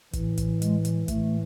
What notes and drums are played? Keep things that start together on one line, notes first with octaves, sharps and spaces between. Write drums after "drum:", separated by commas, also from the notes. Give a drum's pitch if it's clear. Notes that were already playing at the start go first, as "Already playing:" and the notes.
A2 E3, drum: kick, hi-hat
drum: kick, hi-hat
G#3, drum: hi-hat
drum: hi-hat
A2 E3 A3, drum: kick, hi-hat